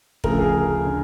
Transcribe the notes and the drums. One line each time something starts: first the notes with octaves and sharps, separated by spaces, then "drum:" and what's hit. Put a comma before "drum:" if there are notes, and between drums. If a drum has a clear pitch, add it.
D2 C#3 F3 A#4, drum: kick
A4
G#4 A#4
D3